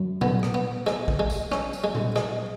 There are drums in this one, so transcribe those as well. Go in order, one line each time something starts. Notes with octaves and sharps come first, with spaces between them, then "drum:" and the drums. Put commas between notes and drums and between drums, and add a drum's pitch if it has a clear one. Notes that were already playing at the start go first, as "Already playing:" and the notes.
Already playing: F#2
B3, drum: tom A#2
drum: rim click
B3
G#3, drum: rim click
drum: kick
G#3
drum: tambourine
C#4, drum: rim click
drum: tambourine
G#3
drum: tom A#2
G#3, drum: rim click